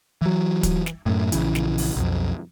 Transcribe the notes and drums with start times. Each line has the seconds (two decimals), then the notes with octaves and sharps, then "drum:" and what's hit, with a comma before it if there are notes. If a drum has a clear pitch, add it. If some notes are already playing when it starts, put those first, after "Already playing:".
0.22 E3 F#3
0.63 drum: kick, hi-hat
0.86 drum: snare
1.06 F#2 A2
1.32 A#1 C#3 E3, drum: hi-hat
1.55 drum: snare
1.78 drum: open hi-hat
1.96 B1 F2